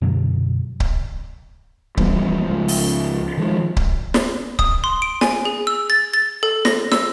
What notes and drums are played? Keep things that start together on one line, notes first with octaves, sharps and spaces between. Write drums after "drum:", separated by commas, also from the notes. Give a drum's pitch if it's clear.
F#2 B2 D3 F#3
drum: kick C#1
E3 F3 G3 B3, drum: kick C#1
C#2 F3
drum: open hi-hat
D#3 F3 G#3
drum: kick C#1
drum: snare
D#6, drum: kick C#1
C6
D7
G#5, drum: snare
G#4
E6
A6
A6
A4
A#6, drum: snare
E6, drum: snare